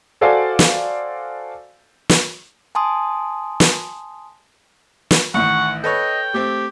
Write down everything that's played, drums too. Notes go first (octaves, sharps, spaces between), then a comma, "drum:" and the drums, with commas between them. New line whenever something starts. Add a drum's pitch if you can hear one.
F#4 A4 C5 D5 F5 G#5
drum: snare
drum: snare
G#5 A5 C6 D#6
drum: snare
drum: snare
A1 A2 D#3 F#5 C#6
A4 B4 C#5 D#5 G5
A3 C4 G4